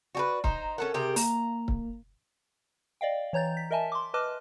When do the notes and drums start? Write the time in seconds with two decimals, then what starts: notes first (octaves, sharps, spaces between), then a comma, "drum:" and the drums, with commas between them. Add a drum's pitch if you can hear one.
0.15 F#4 G4 B4 D5
0.44 D#4 C5 A#5, drum: kick C#1
0.78 C#4 A4 A#4 F#5
0.94 C3 G4 G#4
1.16 A#3 A#5, drum: open hi-hat
1.68 drum: kick C#1
3.01 D5 D#5 F5 G5
3.33 E3 C#5 A#5 G6 A6
3.57 B6
3.71 A#4 D#5 E5 G#5 A5
3.92 C6 D6
4.14 B4 D#5 A5 D6 F6